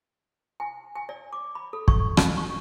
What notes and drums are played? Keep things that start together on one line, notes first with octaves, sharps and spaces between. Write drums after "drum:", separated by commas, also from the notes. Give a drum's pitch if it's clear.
G#5
G#5
D5
D6
B5
A4
C#6, drum: kick
drum: rim click
C#6